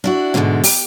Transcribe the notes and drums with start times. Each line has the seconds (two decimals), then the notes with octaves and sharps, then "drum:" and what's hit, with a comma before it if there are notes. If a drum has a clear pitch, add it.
0.04 D4 E4 F#4
0.34 G#2 B2 D3 F3 G#3 A3
0.64 G4, drum: open hi-hat